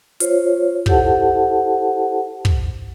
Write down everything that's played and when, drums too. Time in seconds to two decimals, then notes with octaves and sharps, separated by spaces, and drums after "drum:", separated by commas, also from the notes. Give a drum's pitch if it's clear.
0.20 F4 C5 C#5, drum: hi-hat
0.86 E4 G4 A4 C5 F#5 A5, drum: kick
2.45 drum: kick